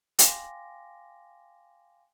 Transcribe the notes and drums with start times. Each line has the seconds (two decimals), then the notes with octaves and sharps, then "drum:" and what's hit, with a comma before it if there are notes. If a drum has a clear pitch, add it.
0.19 F5 G5 G#5 C6 D6 A#6, drum: hi-hat